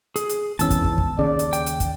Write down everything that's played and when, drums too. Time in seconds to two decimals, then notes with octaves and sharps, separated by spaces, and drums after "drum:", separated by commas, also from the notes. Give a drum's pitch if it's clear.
0.16 G#4, drum: hi-hat
0.29 drum: hi-hat
0.59 G#1 E2 C#4 A5 E6, drum: hi-hat
0.70 drum: kick, hi-hat
0.84 drum: kick
0.98 drum: kick
1.19 D#2 C#3 D5
1.39 drum: hi-hat
1.53 G5, drum: hi-hat
1.66 drum: hi-hat
1.80 drum: kick, hi-hat